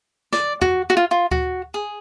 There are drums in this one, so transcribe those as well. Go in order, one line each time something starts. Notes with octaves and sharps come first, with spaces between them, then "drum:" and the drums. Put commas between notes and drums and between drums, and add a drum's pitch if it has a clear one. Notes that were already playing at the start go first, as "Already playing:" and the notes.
D5, drum: snare
F#4, drum: tom
F#4
F4
F4
F#4, drum: kick D2
G#4